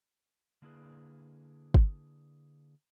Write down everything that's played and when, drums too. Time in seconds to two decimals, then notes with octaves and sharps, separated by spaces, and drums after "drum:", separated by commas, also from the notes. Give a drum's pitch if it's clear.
0.62 D3 A#3 D4 E4 G#4 B4
1.74 drum: kick